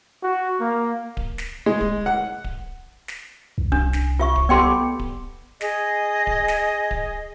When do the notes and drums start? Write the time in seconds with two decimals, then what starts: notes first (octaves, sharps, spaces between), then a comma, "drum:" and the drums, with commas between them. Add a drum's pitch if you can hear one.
0.23 F#4
0.61 A#3
1.17 drum: kick D1
1.38 drum: snare
1.66 G#3
1.81 drum: kick D1
2.06 F#5
2.44 drum: kick D1
3.08 drum: snare
3.58 C2
3.72 D4, drum: kick D1
3.93 drum: snare
4.19 F4 E5 C#6
4.36 drum: kick D1
4.49 B3 G4 A4 D5 G5 C6
4.99 drum: kick D1
5.61 G#4 D#5, drum: snare
6.27 drum: kick D1
6.48 drum: snare
6.91 drum: kick D1